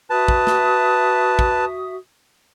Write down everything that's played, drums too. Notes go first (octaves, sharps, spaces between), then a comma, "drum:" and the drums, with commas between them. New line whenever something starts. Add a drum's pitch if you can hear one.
F#4 B4 E5 A5 D#6
drum: kick
drum: snare
drum: kick